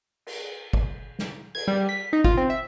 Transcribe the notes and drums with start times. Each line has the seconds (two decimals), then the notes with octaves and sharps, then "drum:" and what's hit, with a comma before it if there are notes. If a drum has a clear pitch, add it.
0.26 drum: cymbal
0.73 drum: kick G1
1.19 drum: snare
1.55 G#6, drum: cymbal
1.68 G3
1.89 B6
2.13 D#4
2.24 F4, drum: kick G1
2.37 C4
2.50 E5